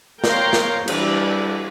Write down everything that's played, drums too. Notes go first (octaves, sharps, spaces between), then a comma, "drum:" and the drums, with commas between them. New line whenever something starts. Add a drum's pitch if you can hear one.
A#4 C#5 F5 G5 A#5 C6, drum: snare
drum: snare
E3 G3 D4 D5, drum: cymbal